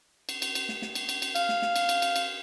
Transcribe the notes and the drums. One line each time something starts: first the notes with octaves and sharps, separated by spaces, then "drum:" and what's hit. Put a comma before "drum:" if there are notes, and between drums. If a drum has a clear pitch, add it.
drum: cymbal
drum: cymbal
drum: cymbal
drum: snare
drum: snare
drum: cymbal
drum: cymbal
drum: cymbal
F5, drum: cymbal
drum: snare
drum: snare
drum: cymbal
drum: cymbal
drum: cymbal
drum: cymbal